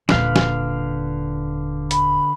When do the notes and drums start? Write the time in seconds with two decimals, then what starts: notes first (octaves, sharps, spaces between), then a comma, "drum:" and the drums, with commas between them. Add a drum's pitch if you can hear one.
0.09 D#1 D3 F4 B4 F5, drum: snare
0.36 drum: snare
1.91 B5, drum: hi-hat